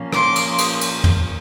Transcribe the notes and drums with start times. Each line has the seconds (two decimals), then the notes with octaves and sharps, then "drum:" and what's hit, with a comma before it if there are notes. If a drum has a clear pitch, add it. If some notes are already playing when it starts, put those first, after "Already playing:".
Already playing: A#2 F3 A#3 C#4
0.13 C6 D6, drum: rim click
0.36 drum: cymbal
0.58 drum: cymbal
0.81 drum: cymbal
1.04 drum: tom